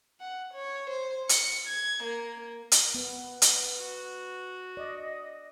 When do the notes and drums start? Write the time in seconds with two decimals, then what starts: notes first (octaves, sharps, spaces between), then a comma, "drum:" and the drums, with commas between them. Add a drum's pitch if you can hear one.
0.20 F#5
0.54 C#5
0.90 C5
1.29 C#7, drum: hi-hat
1.67 G#6
2.03 A#3
2.72 drum: hi-hat
2.94 B3 B4
3.42 drum: hi-hat
3.80 F#4
4.77 D5 D#5